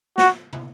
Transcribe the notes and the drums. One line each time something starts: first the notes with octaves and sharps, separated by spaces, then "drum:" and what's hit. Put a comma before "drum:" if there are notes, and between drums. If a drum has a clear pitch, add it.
F#4, drum: snare
drum: tom